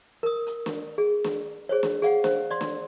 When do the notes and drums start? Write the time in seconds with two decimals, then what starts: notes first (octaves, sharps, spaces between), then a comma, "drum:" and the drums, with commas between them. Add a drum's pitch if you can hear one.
0.23 A#4 D#6
0.47 drum: hi-hat
0.66 drum: snare
0.98 G#4
1.24 drum: snare
1.69 G#4 C5 C#5
1.83 drum: snare
2.02 G#4 F5 F#5, drum: hi-hat
2.24 C5, drum: snare
2.51 D5 C6
2.61 drum: snare